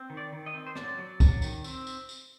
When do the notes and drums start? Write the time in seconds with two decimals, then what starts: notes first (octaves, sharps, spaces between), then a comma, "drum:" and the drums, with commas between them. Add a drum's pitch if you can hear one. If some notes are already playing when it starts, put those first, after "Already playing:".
Already playing: C4
0.10 D#3
0.17 D5
0.33 D#3
0.46 D#5
0.54 C4
0.66 C5
0.76 F#3 D5, drum: rim click
0.99 F#3
1.20 F#3, drum: kick, tambourine
1.42 D#3, drum: tambourine
1.64 C4, drum: tambourine
1.87 drum: tambourine
2.09 drum: tambourine